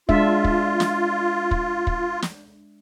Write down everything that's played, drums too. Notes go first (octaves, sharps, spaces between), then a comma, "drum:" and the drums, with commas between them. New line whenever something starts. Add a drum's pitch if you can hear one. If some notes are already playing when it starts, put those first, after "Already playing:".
G#3 D4 F4 E5, drum: kick
drum: kick
drum: snare
drum: kick
drum: kick
drum: snare